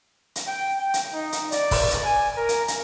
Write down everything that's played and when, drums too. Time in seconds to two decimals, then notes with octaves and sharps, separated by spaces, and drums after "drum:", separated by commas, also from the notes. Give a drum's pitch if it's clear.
0.36 drum: hi-hat
0.48 G5
0.79 G5
0.94 drum: hi-hat
1.14 D#4
1.32 drum: hi-hat
1.52 D5, drum: hi-hat
1.71 drum: kick, open hi-hat
1.91 drum: hi-hat
2.05 G#5
2.37 A#4
2.49 drum: hi-hat
2.68 drum: hi-hat